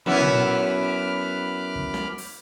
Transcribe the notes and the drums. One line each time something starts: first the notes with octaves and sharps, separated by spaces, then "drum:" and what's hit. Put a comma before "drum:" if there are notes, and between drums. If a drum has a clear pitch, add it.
F#2 B3 E4 B5 D6 F6
drum: tom
drum: kick
drum: snare
drum: open hi-hat